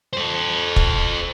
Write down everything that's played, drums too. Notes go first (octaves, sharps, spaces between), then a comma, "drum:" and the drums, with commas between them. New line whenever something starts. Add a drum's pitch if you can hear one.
A4 C5
drum: kick